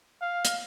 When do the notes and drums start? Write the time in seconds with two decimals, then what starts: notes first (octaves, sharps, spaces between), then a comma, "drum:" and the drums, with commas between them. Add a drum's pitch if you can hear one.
0.22 F5
0.45 drum: hi-hat